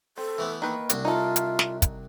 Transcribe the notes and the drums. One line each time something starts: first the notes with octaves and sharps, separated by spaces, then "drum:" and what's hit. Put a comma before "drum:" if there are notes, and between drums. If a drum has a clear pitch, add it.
C4 A4
E3 A3 B3
D#3 A#3 B4
C2 D4 F#4, drum: hi-hat
D#4 F4 A4 E5
drum: hi-hat
drum: snare
drum: kick, hi-hat